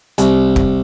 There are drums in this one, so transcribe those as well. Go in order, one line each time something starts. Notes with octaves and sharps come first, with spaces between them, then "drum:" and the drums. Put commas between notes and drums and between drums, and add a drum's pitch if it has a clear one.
C2, drum: hi-hat
drum: kick